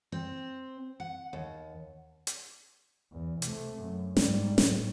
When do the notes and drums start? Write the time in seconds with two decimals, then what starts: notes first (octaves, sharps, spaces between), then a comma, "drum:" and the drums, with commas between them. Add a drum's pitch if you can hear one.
0.12 C4
1.00 F#5
1.33 D#2
2.27 drum: hi-hat
3.12 E2
3.42 C3 A3, drum: hi-hat
3.81 F#2
4.17 G#2 G3, drum: snare
4.58 A2, drum: snare